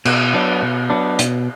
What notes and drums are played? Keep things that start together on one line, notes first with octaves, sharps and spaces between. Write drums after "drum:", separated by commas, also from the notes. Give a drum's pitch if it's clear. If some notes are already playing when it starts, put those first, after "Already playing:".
B2, drum: cymbal
F#3 B3 D4
B2
F#3 B3 D4
B2, drum: hi-hat